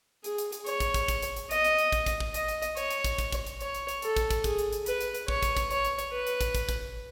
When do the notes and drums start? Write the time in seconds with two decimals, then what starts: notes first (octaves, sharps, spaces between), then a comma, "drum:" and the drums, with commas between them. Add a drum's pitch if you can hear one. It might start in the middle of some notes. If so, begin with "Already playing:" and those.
0.24 G#4, drum: hi-hat
0.38 drum: hi-hat
0.52 drum: hi-hat
0.67 C#5, drum: hi-hat
0.80 drum: kick, hi-hat
0.94 drum: kick, hi-hat
1.08 drum: kick, hi-hat
1.22 drum: hi-hat
1.36 drum: hi-hat
1.51 D#5, drum: hi-hat
1.64 drum: hi-hat
1.78 drum: hi-hat
1.92 drum: kick, hi-hat
2.06 drum: kick, hi-hat
2.20 drum: kick
2.34 D#5, drum: hi-hat
2.48 drum: hi-hat
2.62 drum: hi-hat
2.77 C#5, drum: hi-hat
2.90 drum: hi-hat
3.04 drum: kick, hi-hat
3.18 drum: kick, hi-hat
3.33 drum: kick, hi-hat
3.47 drum: hi-hat
3.60 C#5, drum: hi-hat
3.75 drum: hi-hat
3.89 drum: hi-hat
4.02 A4, drum: hi-hat
4.17 drum: kick, hi-hat
4.31 drum: kick, hi-hat
4.44 G#4, drum: kick, hi-hat
4.59 drum: hi-hat
4.73 drum: hi-hat
4.86 B4, drum: hi-hat
5.01 drum: hi-hat
5.15 drum: hi-hat
5.28 C#5, drum: kick
5.43 drum: kick, hi-hat
5.57 drum: kick, hi-hat
5.71 C#5, drum: hi-hat
5.85 drum: hi-hat
5.99 drum: hi-hat
6.12 B4
6.27 drum: hi-hat
6.41 drum: kick, hi-hat
6.55 drum: kick, hi-hat
6.69 drum: kick, hi-hat